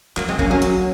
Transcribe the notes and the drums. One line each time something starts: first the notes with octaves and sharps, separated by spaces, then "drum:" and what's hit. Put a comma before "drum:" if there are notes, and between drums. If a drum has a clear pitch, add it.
F#3 G#3 A#3, drum: clap
F#3 G#3 C4
F3 A#3 C#4, drum: kick
F#3 A#3 C#4
drum: hi-hat